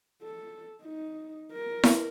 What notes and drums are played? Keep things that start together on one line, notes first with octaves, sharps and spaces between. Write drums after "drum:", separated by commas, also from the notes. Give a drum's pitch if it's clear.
A4
D#4
A#4
drum: snare E4